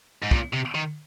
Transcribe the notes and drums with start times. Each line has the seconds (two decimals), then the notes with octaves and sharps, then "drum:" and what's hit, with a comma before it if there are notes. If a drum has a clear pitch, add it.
0.22 G#2
0.31 A#2, drum: kick
0.53 C3
0.74 D#3